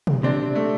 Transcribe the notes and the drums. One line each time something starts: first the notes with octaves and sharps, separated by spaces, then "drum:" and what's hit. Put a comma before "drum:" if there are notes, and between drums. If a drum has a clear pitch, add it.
drum: tom
C3 C4 D4
A3